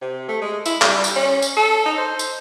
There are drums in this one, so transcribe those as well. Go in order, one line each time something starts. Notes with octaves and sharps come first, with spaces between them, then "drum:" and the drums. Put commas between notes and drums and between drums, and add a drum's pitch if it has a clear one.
C3
A3
G#3
E4, drum: tambourine
G3, drum: clap
drum: tambourine
C#4
drum: tambourine
A4
D#4
C5
drum: tambourine